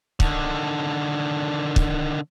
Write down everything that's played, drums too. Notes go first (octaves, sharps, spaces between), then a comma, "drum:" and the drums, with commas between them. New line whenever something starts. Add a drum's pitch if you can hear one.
D3 D#3, drum: kick
drum: kick